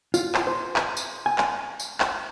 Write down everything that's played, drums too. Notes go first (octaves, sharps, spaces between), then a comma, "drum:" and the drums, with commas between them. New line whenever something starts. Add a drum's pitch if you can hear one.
F4, drum: tambourine
drum: clap
C5
drum: clap
drum: tambourine
G#5
drum: clap
drum: tambourine
drum: clap